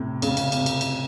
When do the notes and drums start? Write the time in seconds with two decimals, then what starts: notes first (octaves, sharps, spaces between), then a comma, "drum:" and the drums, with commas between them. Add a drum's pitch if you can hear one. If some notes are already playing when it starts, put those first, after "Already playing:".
Already playing: A2 C3
0.22 C#3, drum: cymbal
0.37 drum: cymbal
0.52 C3, drum: cymbal
0.66 drum: cymbal
0.81 drum: cymbal